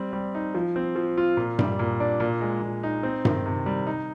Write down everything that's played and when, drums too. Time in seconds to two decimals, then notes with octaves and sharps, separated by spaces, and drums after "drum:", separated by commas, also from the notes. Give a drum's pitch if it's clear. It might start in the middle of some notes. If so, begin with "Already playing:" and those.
Already playing: G3 C4
0.13 G3
0.35 D#4
0.55 F3
0.76 C4
0.96 F3
1.18 F4
1.37 A#2
1.59 G3, drum: tom G2
1.79 A#2
2.00 D4
2.20 A#2
2.41 G#3
2.61 A#2
2.83 D#4
3.03 C4
3.25 D#3, drum: tom G2
3.46 C3
3.66 G3
3.87 D#4